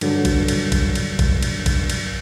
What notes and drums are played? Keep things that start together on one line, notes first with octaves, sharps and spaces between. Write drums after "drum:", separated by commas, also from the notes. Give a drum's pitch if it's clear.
G2 D3 F#3, drum: cymbal
drum: kick A#1, cymbal
drum: cymbal
drum: kick A#1, cymbal
drum: cymbal
drum: kick A#1, cymbal
drum: cymbal
drum: kick A#1, cymbal
drum: cymbal